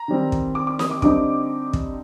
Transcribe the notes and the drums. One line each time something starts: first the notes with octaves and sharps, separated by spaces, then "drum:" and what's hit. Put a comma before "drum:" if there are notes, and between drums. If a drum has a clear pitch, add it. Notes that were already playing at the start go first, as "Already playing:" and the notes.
Already playing: A#5
D#3 G3 C4
drum: kick
D6
D6
D#6, drum: snare
D6
D3 G3 C4 D#4 D6, drum: kick
drum: kick